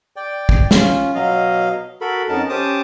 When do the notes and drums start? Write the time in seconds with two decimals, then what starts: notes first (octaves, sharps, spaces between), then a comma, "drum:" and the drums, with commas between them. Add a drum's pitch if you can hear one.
0.16 D5 G5
0.49 drum: kick
0.71 C#4 F4, drum: snare
1.15 B2 F#3 D#5 F5
2.01 F#4 A4 A#4 B5
2.29 F2 B3 C#4 D#4 A#4 A5
2.49 C#4 G4 C5 A5 D6 D#6